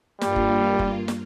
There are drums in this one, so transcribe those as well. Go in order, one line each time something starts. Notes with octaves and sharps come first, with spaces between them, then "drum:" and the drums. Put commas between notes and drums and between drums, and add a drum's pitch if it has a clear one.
G2 G3 A#3 F4, drum: snare
drum: kick F#1
drum: kick F#1
drum: snare